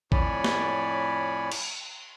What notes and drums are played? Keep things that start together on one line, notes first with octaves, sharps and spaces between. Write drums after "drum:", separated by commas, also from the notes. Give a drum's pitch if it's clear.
F2 A2 C#5 D5 G#5 B5, drum: kick
drum: snare
drum: cymbal